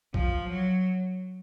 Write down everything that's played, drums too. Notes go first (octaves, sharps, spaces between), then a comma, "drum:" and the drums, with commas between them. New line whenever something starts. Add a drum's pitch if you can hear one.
F3, drum: kick A#1
F#3